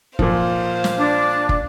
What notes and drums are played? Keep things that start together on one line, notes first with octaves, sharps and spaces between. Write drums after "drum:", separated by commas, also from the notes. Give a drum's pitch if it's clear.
A#2 F3 C5 F5, drum: kick
drum: snare
D4
drum: kick